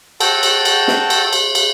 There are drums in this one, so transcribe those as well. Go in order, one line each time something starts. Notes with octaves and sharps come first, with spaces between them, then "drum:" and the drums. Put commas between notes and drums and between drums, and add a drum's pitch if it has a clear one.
F#4 A4 G5 A5, drum: cymbal
drum: cymbal
drum: cymbal
drum: snare
drum: cymbal
drum: cymbal
drum: cymbal